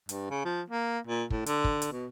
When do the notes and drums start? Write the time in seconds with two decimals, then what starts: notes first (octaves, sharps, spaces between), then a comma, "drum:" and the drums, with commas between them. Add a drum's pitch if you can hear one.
0.09 G2, drum: hi-hat
0.30 C#3
0.45 F3
0.70 A#3
1.07 A#2
1.30 A2, drum: kick
1.46 D3, drum: hi-hat
1.64 drum: kick
1.82 drum: hi-hat
1.92 B2